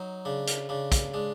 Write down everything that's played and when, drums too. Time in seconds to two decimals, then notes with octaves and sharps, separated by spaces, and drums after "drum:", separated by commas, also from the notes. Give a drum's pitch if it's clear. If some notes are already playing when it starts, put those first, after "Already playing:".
Already playing: F#3 D#4
0.25 C#3 D4
0.47 drum: hi-hat
0.69 C#3 D4
0.92 drum: kick, hi-hat
1.14 G#3 D4